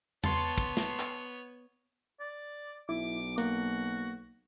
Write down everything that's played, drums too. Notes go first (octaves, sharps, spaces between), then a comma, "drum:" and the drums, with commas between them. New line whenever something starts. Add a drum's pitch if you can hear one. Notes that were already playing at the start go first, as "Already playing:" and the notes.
B3 C#5 A5 C6, drum: tom E2
drum: kick
drum: snare
drum: clap
D5
B1 E4 D6
A#3 F#4, drum: hi-hat